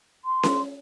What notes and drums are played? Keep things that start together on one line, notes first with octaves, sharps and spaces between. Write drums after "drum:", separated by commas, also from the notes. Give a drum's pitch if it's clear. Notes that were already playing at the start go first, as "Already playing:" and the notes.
C6
drum: snare C#4